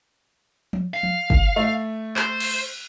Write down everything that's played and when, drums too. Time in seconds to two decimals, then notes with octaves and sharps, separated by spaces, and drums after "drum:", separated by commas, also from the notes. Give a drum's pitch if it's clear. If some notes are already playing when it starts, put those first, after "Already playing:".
0.73 drum: tom F3
0.94 F5
1.03 drum: tom F3
1.30 drum: kick
1.56 A3
2.16 C5, drum: clap
2.40 drum: cymbal